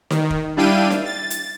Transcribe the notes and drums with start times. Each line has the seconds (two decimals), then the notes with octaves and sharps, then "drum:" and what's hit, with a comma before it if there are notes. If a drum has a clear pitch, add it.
0.10 D#3, drum: snare D#4
0.30 drum: kick
0.56 G3 D4 E4 F5 G5 D#7
0.90 drum: snare D#4
1.06 A6
1.30 drum: hi-hat